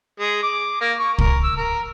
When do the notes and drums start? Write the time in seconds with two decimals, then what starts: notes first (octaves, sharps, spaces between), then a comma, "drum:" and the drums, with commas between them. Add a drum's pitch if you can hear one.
0.20 G#3
0.43 D6
0.81 A#3
0.99 C#6
1.18 A#4, drum: kick
1.44 E6
1.57 A#4